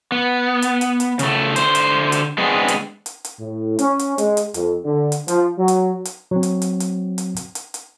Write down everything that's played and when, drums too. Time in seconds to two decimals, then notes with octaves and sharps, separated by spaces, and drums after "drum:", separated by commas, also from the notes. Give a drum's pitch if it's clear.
0.12 B3
0.62 drum: hi-hat
0.81 drum: hi-hat
1.00 drum: hi-hat
1.19 C#3 A3, drum: hi-hat
1.56 D3 C5, drum: hi-hat
1.75 drum: hi-hat
2.12 drum: hi-hat
2.38 G#3 B3 C4 D4 G#4
2.68 drum: hi-hat
3.06 drum: hi-hat
3.25 drum: hi-hat
3.40 A2
3.79 C#4, drum: hi-hat
3.99 drum: hi-hat
4.18 G#3, drum: hi-hat
4.37 drum: hi-hat
4.54 F2, drum: hi-hat
4.84 D3
5.12 drum: hi-hat
5.28 F3, drum: hi-hat
5.57 F#3
5.68 drum: hi-hat
6.05 drum: hi-hat
6.31 F#3 C4
6.43 drum: hi-hat
6.62 drum: hi-hat
6.80 drum: hi-hat
7.18 drum: hi-hat
7.36 drum: hi-hat
7.55 drum: hi-hat
7.74 drum: hi-hat